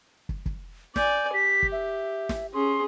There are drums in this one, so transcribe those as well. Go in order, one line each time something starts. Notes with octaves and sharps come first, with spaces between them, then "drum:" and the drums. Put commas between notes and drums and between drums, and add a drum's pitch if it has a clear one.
drum: kick
drum: kick
D5 G#5 G6, drum: snare
G4 B6
drum: kick
E5
drum: snare
C#4 G#4 C6